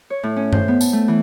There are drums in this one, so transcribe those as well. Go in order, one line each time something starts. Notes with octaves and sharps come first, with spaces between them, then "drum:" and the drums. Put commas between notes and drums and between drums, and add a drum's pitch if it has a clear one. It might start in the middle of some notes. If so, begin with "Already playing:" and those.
C#5
A2
C#4
C5, drum: tom G2
B3
A5, drum: tambourine
A3
E3